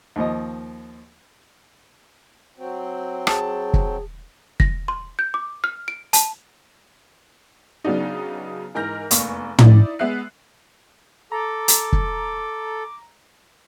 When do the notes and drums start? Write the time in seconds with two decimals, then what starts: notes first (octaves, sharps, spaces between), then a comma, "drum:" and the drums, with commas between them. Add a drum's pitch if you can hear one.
0.16 D#2 F3 D#5
2.57 F#3 C4
3.27 G#4 A5, drum: rim click
3.74 drum: kick
4.60 A#6, drum: kick
4.88 C6
5.19 G6
5.34 D6
5.64 F6
5.88 D7
6.13 A5, drum: hi-hat
7.84 C#3 F#3 B3 D4 D#4
8.75 G#2 E3 A#4 F6 G6 A#6
9.11 F1 E2 A#3 C#6, drum: hi-hat
9.59 D#4 E4 D5, drum: tom
9.99 G#3 B3 E5 F#6 C7
11.32 A4 A#5 D6
11.68 drum: hi-hat
11.93 drum: kick